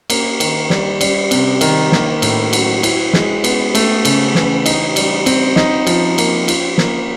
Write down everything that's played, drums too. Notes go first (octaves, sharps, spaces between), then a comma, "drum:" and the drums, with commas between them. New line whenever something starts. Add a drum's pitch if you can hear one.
A#3, drum: cymbal
D#3, drum: cymbal
G3, drum: snare
G3, drum: cymbal
C3, drum: cymbal
D#3, drum: cymbal
A#3, drum: snare
A2, drum: cymbal
F#3, drum: cymbal
E4, drum: cymbal
G#3, drum: snare
B3, drum: cymbal
A3, drum: cymbal
C#3, drum: cymbal
E3, drum: snare
D#4, drum: cymbal
G3, drum: cymbal
C4, drum: cymbal
D#4, drum: snare
F3, drum: cymbal
A#3, drum: cymbal
F4, drum: cymbal
A#3, drum: snare